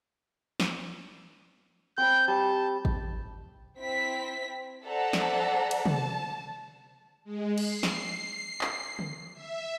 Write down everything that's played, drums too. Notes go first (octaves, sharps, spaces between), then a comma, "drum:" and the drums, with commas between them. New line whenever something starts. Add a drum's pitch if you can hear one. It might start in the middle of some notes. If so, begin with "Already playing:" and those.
drum: snare
C4 B5 G6
G3 A5
drum: kick G#1
C4 E4 B6
A4 C5 D5 E5 F#5 A#5
drum: snare
drum: cymbal
A5, drum: tom
G#3
C7, drum: cymbal
drum: snare
drum: clap
drum: tom
E5